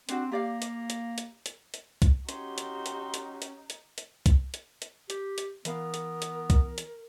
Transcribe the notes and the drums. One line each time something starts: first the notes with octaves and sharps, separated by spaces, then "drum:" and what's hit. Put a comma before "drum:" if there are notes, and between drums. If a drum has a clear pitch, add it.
C4 D4 F#4, drum: hi-hat
A#3 G4 D5 F5
drum: hi-hat
drum: hi-hat
drum: hi-hat
drum: hi-hat
drum: hi-hat
drum: kick C2, hi-hat
C#4 D#4 F#4 G4 C6, drum: hi-hat
drum: hi-hat
drum: hi-hat
drum: hi-hat
drum: hi-hat
drum: hi-hat
drum: hi-hat
drum: kick C2, hi-hat
drum: hi-hat
drum: hi-hat
G4, drum: hi-hat
drum: hi-hat
E3 B3 A#4 F5, drum: hi-hat
drum: hi-hat
drum: hi-hat
drum: kick C2, hi-hat
drum: hi-hat